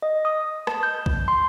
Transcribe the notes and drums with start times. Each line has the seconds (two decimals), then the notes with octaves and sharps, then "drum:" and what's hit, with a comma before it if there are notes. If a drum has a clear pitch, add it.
0.02 D#5
0.25 D#6
0.67 A5, drum: rim click
0.83 G6
1.06 drum: kick A#1
1.28 C6